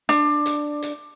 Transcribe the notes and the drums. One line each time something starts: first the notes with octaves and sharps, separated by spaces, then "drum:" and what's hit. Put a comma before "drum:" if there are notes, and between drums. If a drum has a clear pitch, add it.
D4, drum: hi-hat
drum: hi-hat
drum: hi-hat